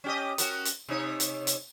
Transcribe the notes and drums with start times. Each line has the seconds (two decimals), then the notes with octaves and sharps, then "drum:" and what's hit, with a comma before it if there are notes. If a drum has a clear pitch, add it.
0.04 C#4 G4 D#5
0.38 C#4 F#4 A#4, drum: hi-hat
0.65 drum: hi-hat
0.89 C3 D#4 C#5
1.20 drum: hi-hat
1.47 drum: hi-hat